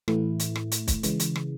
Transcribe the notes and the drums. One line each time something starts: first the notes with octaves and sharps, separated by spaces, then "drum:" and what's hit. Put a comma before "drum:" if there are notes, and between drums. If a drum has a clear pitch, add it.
A2 E3 A3 E4, drum: rim click
drum: hi-hat
drum: rim click
drum: hi-hat
drum: kick, hi-hat
C#3 E3 G#3, drum: hi-hat
drum: hi-hat
drum: rim click